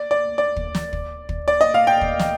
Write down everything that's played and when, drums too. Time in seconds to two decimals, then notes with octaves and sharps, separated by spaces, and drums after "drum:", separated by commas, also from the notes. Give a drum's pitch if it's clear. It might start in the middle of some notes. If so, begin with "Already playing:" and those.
Already playing: D5
0.11 D5
0.38 D5
0.56 drum: kick
0.75 drum: snare
0.93 drum: kick
1.29 drum: kick
1.48 D5
1.61 D#5
1.74 F5
1.87 G5
2.01 drum: kick
2.19 drum: snare